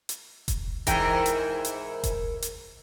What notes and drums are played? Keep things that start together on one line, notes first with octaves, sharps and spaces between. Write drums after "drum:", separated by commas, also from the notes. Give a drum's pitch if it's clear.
drum: hi-hat
drum: kick E1, hi-hat
G#2 E3 A#4 G5, drum: kick E1, hi-hat
drum: hi-hat
drum: hi-hat
drum: kick E1, hi-hat
drum: hi-hat